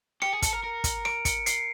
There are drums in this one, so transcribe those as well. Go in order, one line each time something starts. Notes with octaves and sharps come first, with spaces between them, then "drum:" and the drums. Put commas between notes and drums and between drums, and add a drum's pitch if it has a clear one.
G4 C#7, drum: rim click
G#4
A4, drum: kick, hi-hat
A#4
A#4
drum: kick, hi-hat
D7, drum: rim click
C#7, drum: kick, hi-hat
C7, drum: hi-hat